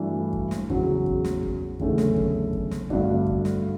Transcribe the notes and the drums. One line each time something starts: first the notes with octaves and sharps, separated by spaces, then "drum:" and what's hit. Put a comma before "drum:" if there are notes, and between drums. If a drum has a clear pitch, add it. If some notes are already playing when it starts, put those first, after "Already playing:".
Already playing: G2 E3 A3 D4 F#4
drum: kick
drum: snare
E2 C#3 F#3 C#4, drum: kick
drum: kick
drum: snare
drum: kick
F#1 E2 D3 A3 C#4, drum: kick
drum: snare
drum: kick
drum: kick
drum: snare
G2 D3 A3 D4 F#4, drum: kick
drum: kick
drum: snare